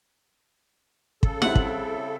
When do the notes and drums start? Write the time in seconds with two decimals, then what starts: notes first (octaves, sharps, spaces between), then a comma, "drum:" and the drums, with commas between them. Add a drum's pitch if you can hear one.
1.23 C#3 A4, drum: kick
1.42 G3 C4 E4 F#5, drum: snare
1.55 drum: kick